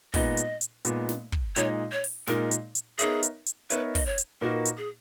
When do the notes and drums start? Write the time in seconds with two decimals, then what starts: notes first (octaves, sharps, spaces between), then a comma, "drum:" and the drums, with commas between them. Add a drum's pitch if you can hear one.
0.14 A#2 G#3 B3 D#4 D#5, drum: kick, open hi-hat
0.37 drum: hi-hat
0.61 drum: hi-hat
0.85 A#2 G#3 B3 D#4, drum: hi-hat
1.09 drum: snare
1.32 drum: kick
1.56 A#2 G#3 D#4 C#5, drum: hi-hat
1.92 C#5
2.04 drum: open hi-hat
2.27 A#2 G#3 D#4 A#4, drum: snare
2.51 drum: hi-hat
2.75 drum: hi-hat
2.99 B3 D#4 G#4 A#4 C#5 E5, drum: hi-hat
3.23 drum: hi-hat
3.47 drum: hi-hat
3.70 B3 D#4 A#4 B4 C#5 E5, drum: hi-hat
3.95 D#5, drum: kick, open hi-hat
4.06 C#5
4.18 drum: hi-hat
4.41 A#2 A#3 D#4 F#4 A#4 B4
4.66 drum: hi-hat
4.77 G#4